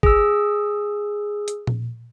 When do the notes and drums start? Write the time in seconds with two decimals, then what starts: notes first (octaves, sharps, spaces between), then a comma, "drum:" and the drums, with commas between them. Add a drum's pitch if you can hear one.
0.03 G#4 E6, drum: kick
1.48 drum: hi-hat
1.67 drum: tom A#2